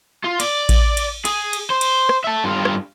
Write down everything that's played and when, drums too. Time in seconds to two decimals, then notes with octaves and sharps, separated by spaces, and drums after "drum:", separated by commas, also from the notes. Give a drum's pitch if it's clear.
0.24 F4
0.40 D5, drum: cymbal
0.69 drum: kick A1, cymbal
0.97 drum: cymbal
1.25 G#4, drum: cymbal
1.53 drum: cymbal
1.70 C5
1.81 drum: cymbal
2.09 drum: rim click
2.24 E5 A5
2.44 G2 F4
2.65 drum: rim click